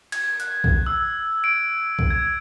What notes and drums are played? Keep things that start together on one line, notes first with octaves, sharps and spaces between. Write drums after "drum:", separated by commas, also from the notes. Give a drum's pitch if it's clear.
G#6, drum: cymbal
F#6, drum: hi-hat
drum: kick B1
E6
D7
drum: kick B1
G#6